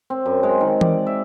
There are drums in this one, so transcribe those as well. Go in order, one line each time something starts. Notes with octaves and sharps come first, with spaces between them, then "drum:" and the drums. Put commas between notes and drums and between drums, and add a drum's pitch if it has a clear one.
C4
F#2
G#3
D#3
D5, drum: tom E3
E5